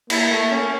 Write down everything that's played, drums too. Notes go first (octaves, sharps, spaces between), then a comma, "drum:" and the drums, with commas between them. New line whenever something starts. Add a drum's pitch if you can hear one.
A#3 E4, drum: cymbal
A3
A#3
C#4